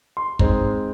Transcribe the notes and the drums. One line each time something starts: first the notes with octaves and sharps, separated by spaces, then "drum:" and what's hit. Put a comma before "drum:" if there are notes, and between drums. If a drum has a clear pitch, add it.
C6
G#3 C4 D#4, drum: kick